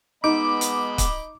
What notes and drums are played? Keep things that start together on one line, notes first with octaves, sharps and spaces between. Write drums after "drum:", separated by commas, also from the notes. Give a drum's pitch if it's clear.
G#3 B3 D#4 D#5 B5 D6
drum: hi-hat
drum: kick, hi-hat